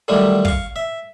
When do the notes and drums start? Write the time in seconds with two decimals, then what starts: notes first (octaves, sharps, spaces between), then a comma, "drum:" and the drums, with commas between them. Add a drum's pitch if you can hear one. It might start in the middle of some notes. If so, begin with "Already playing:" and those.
0.08 D3 D#3 F#3 G3 A3
0.45 F5 C#6, drum: kick
0.76 E5